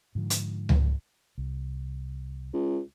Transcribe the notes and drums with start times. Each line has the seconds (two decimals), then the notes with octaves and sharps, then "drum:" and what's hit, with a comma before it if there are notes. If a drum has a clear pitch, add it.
0.15 G#2 D3 F3
0.30 drum: hi-hat
0.69 drum: tom C#2
1.38 C2
2.53 C#2